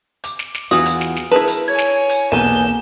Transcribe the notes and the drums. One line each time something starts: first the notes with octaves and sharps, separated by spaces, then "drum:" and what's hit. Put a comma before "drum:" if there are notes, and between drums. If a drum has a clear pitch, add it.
D6, drum: hi-hat
drum: snare
drum: snare
E2 E3 F4 F#4 D#6
drum: hi-hat
drum: snare
drum: snare
E4 G#4 A#4 B4 A5
drum: hi-hat
C#5 G#5 G#6
drum: snare
drum: hi-hat
B1 E2 A#3 B3 G#5 G6 E7